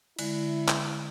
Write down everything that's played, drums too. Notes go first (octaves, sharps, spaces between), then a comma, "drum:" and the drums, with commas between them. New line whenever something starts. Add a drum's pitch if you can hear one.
D3 G#3 E4, drum: cymbal
drum: clap